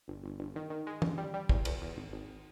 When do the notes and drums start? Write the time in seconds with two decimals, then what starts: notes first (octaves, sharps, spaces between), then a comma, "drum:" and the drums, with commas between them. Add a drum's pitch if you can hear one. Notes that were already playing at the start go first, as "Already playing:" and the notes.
0.08 G1
0.24 G1
0.40 G1
0.56 D#3
0.70 D#3
0.87 G#3
1.02 G1, drum: tom
1.18 G3
1.34 G3
1.49 E2, drum: kick
1.65 E2, drum: cymbal
1.81 E2
1.96 G#1
2.12 G#1